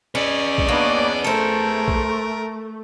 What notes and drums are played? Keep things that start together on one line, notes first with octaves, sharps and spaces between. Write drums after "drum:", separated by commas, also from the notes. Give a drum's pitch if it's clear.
C#4 G#4 B4 D5 D#5
drum: kick A#1
A#3 B3 C#4 D4
A3 A4 A#4 C5
drum: kick A#1